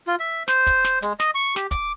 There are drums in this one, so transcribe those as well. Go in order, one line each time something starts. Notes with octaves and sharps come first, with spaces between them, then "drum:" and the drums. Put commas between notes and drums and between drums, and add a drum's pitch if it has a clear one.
F4
E5
C5, drum: snare
drum: kick, hi-hat
drum: snare
G#3, drum: hi-hat
D#5, drum: snare
C#6
G4, drum: snare
D6, drum: kick, hi-hat